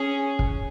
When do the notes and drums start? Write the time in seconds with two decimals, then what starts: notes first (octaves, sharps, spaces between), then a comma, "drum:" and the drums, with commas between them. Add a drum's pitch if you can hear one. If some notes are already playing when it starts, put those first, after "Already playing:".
Already playing: C#4 G#4
0.39 drum: kick